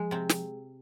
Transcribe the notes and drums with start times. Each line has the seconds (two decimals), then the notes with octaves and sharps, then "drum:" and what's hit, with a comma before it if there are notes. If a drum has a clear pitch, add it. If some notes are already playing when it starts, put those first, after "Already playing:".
Already playing: F3 G#3
0.11 C3 C4
0.29 drum: snare